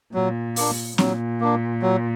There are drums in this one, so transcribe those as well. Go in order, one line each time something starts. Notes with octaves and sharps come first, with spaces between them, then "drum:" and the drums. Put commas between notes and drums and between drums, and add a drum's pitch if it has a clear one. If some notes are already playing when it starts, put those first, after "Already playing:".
A#2 F#3
A#3 D4, drum: open hi-hat
A#2 F#3, drum: snare C4
A#3 D4
F#3